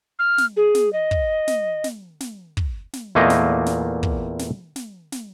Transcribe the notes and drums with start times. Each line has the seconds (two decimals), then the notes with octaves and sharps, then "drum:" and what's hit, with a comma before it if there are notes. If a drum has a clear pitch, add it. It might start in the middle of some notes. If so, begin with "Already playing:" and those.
0.19 F6
0.38 drum: snare
0.57 G#4
0.75 drum: snare
0.93 D#5
1.11 drum: kick
1.48 drum: snare
1.84 drum: snare
2.20 drum: snare
2.57 drum: kick
2.93 drum: snare
3.15 E2 A#2 A3 A#3 D#5
3.30 drum: snare
3.66 drum: snare
4.03 drum: kick
4.39 drum: snare
4.76 drum: snare
5.12 drum: snare